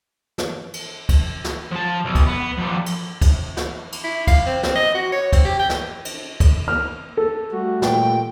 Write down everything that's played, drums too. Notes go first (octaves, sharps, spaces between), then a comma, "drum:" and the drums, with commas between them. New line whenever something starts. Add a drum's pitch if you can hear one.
drum: snare
drum: cymbal
drum: kick, cymbal
drum: snare
F3 A5
B1
drum: kick, cymbal
B3
F3 G3
drum: cymbal
drum: kick, cymbal
drum: snare
drum: cymbal
E4
F5, drum: kick, cymbal
C4
C4, drum: snare
D#5
F#4
C#5
C4, drum: kick, cymbal
G4
G5
drum: snare
drum: cymbal
drum: kick, cymbal
F6
A4
G3 A3 F#4
A#2 G5, drum: snare